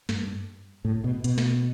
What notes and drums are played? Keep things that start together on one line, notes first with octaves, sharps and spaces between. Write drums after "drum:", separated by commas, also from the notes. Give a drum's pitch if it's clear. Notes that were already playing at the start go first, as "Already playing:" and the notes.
G2, drum: snare
A2
B2
B2, drum: hi-hat
drum: snare